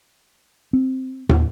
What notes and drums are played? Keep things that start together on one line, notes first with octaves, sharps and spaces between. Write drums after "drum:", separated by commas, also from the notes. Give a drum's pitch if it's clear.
C4
D#2, drum: tom